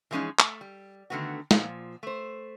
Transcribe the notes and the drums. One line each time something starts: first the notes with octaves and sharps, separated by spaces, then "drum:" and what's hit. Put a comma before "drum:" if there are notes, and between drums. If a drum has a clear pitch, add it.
E3 F3 G#3 C#4 D#4 G#4
A3, drum: clap
G3
D3 D#3 A3 B3 F#4
A#2 F3, drum: snare
A3 C5